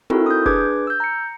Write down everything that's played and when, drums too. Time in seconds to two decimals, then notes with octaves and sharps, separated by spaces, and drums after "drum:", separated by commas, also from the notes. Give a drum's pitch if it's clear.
0.10 C4 D#4 E4 F#4 A4 A#4, drum: tom
0.26 D#6 G6
0.46 D4 G#4 B4 D6 G#6, drum: kick
0.87 E6 G6
1.00 A#5 C#7